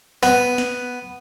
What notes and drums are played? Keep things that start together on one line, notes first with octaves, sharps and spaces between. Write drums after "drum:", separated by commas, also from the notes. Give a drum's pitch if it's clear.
B3, drum: snare
drum: snare